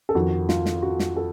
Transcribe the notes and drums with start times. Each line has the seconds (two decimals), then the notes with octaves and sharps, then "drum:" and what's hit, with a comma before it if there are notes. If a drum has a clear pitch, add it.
0.09 A4
0.15 F2 D#3 F#4
0.49 F4, drum: snare
0.66 drum: snare
0.82 F#4
0.99 drum: snare
1.16 A4